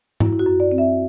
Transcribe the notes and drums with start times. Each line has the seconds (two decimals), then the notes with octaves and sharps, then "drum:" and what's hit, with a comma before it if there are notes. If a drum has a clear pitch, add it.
0.20 F#2 E4, drum: tom G#2
0.33 E4
0.39 F#4
0.46 F#2
0.60 D5
0.72 C4
0.78 E5